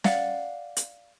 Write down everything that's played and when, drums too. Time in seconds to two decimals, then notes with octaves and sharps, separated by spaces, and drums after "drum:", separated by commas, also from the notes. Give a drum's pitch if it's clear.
0.04 D5 F5 F#5, drum: snare
0.77 drum: hi-hat